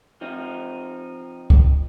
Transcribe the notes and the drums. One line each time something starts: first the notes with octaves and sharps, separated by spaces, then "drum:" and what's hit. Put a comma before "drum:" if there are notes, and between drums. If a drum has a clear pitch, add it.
F3 C4 D#4
drum: kick C2